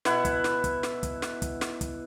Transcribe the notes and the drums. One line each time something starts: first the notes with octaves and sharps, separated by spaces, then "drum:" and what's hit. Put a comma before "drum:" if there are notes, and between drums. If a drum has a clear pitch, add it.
B2 E4 F#5, drum: snare
drum: kick, hi-hat
drum: snare
drum: kick, hi-hat
drum: snare
drum: kick, hi-hat
drum: snare
drum: kick, hi-hat
drum: snare
drum: kick, hi-hat